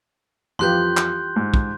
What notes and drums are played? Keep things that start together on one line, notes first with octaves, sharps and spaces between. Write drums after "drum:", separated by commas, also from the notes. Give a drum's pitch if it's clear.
F2 E3 F4 G4 B4 C6 F#6 G6
drum: clap
G#2
drum: kick